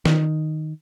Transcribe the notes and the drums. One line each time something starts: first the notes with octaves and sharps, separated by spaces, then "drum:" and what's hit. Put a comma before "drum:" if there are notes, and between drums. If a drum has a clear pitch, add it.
D#3, drum: snare